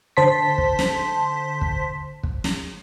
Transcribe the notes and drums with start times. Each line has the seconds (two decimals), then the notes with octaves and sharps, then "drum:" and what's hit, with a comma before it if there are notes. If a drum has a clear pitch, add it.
0.17 D3 C5 A5 C6 B6
0.58 drum: kick
0.79 drum: snare
1.61 drum: kick
2.23 drum: kick
2.44 drum: snare